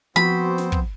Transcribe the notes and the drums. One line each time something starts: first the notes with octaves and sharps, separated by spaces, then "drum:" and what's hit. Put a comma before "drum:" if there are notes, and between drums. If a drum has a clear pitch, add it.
F3 B3 C4 F#4 C5 B5
drum: snare
drum: kick